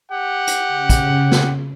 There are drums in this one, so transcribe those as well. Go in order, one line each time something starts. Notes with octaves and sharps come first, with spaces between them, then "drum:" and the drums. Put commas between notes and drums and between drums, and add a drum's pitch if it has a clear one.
G4 F#5
drum: hi-hat
C#3
drum: kick, hi-hat
drum: snare